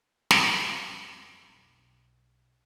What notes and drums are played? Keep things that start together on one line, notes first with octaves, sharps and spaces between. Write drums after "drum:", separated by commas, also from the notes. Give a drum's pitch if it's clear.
drum: snare
F2
B1